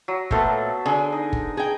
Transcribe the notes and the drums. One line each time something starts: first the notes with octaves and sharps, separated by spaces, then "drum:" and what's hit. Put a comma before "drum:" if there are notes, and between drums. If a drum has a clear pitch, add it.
F#3
A#2 A3 B3 A4 C5, drum: kick
D3 G#4
D#4 D#5
drum: kick
G#4 G5